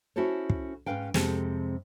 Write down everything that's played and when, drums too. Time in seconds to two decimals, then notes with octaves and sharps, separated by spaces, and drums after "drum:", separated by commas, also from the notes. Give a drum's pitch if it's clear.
0.16 C#4 E4 F#4 A4 C5 C#5
0.50 drum: kick
0.86 G#2 F3 C#4 B4 F5 G5
1.14 F2 C3 G#3 C4 G4 A4, drum: snare